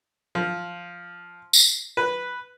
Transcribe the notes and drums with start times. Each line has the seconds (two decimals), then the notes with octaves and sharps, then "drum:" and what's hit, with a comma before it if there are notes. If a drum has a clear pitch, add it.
0.35 F3
1.53 drum: tambourine
1.97 B4